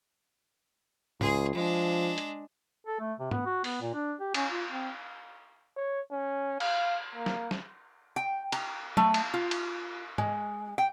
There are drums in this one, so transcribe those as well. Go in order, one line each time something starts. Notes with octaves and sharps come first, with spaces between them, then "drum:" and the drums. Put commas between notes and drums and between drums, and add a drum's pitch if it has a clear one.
C#2 G#4 C6, drum: tom
F3 G#3 D4
drum: hi-hat
A4
A3
C3
B3, drum: tom
F#4
B3, drum: open hi-hat
A#2
D4
G4
C#4, drum: cymbal
F4
C4
C#5
C#4
F5, drum: cymbal
A#3
drum: snare
drum: snare
G5
A#5, drum: cymbal
A3, drum: tom
drum: cymbal
F4
drum: cymbal
G#3, drum: tom
G5